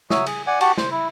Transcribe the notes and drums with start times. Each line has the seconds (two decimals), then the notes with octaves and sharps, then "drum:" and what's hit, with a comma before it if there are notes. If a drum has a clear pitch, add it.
0.10 F#3 C#5 E5 D#6, drum: snare
0.26 G#4, drum: cymbal
0.47 D5 F#5 G#5
0.61 F#4 G4 F#5 A5, drum: cymbal
0.78 C5, drum: snare
0.91 E4